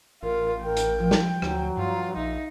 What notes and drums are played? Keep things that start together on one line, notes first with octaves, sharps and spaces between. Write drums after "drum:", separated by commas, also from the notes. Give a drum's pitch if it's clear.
A1 F4 A#4
A#4 G5
drum: hi-hat
F3
drum: snare
D2 F#3, drum: rim click
G2 F4
A#1 D#4 E5